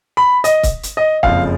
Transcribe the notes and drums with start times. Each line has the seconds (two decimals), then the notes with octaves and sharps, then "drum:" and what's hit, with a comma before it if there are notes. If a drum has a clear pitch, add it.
0.17 B5
0.44 D#5, drum: hi-hat
0.63 drum: kick C#1, hi-hat
0.83 drum: hi-hat
0.97 D#5
1.23 F#1 F2 C#3 F3 F5, drum: kick C#1